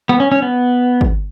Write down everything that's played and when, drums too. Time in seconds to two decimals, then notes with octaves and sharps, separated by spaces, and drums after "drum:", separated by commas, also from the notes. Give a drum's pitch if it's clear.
0.09 B3
0.20 C#4
0.32 C#4
0.42 B3
1.01 drum: kick